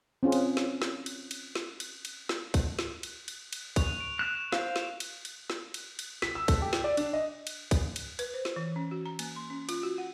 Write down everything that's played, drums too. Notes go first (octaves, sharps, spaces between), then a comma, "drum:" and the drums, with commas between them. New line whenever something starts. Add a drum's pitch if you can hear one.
C4 C#4 F4 G#4
drum: cymbal
drum: snare
drum: snare
drum: cymbal
drum: cymbal
drum: snare
drum: cymbal
drum: cymbal
drum: snare
drum: kick, cymbal
drum: snare
drum: cymbal
drum: cymbal
drum: cymbal
C#6 F#6 F7, drum: kick, cymbal
D7 F7
F#6 E7
E7
C5 F5, drum: snare
drum: snare
drum: cymbal
drum: cymbal
drum: snare
drum: cymbal
drum: cymbal
B6, drum: snare
E6
A4, drum: kick, cymbal
G4
drum: snare
D5
D4, drum: cymbal
D#5
drum: cymbal
drum: kick, cymbal
drum: cymbal
B4, drum: cymbal
C5
drum: snare
E3
C#4
F#4
A#5
A#3, drum: cymbal
C6
C#4
F4, drum: cymbal
F#4
F#5